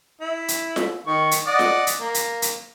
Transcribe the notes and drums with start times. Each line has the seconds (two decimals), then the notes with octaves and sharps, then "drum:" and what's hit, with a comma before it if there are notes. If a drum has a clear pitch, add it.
0.21 E4
0.48 drum: hi-hat
0.76 drum: snare F4
1.07 D#3 C#6
1.31 drum: hi-hat
1.47 D5 D#5 F#5
1.59 drum: snare F4
1.87 drum: hi-hat
2.01 A#3
2.14 drum: hi-hat
2.42 drum: hi-hat